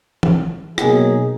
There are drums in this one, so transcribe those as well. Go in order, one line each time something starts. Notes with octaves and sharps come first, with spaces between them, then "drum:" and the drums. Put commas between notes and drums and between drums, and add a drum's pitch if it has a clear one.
drum: tom E3
B2 F#3 A#3 D#4 G#4, drum: rim click